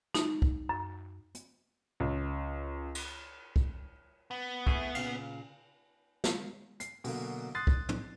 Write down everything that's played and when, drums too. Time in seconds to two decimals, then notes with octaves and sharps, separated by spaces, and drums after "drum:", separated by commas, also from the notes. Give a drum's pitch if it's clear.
0.14 D#4, drum: snare
0.42 drum: kick
0.69 F#2
1.35 drum: hi-hat
2.00 C#2
2.95 drum: cymbal
3.56 drum: kick
4.31 B3
4.67 A3 E4 G#4, drum: kick
4.95 A#2 C#3 F5, drum: cymbal
6.24 drum: snare
6.80 C7, drum: hi-hat
7.04 B2 D3 F#3 A#3, drum: open hi-hat
7.55 C6 D#6 F#6 A6 C7
7.67 drum: kick
7.89 drum: tom